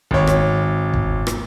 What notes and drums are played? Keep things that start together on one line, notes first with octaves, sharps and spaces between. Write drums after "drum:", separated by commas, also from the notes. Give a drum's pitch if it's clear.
G#1 C#5, drum: kick
drum: rim click
drum: kick
drum: rim click